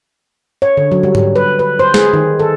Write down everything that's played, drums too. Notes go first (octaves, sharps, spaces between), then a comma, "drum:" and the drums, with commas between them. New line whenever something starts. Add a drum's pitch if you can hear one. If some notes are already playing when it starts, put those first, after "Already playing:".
C#5
D3
F#3
G3
drum: tom G#2
B4
B4
C5
G#4, drum: snare
D#3
A4